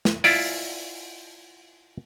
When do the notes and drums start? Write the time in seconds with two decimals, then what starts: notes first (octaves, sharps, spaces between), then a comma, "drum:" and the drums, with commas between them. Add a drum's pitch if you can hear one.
0.05 drum: snare
0.24 E4 F4 D5, drum: open hi-hat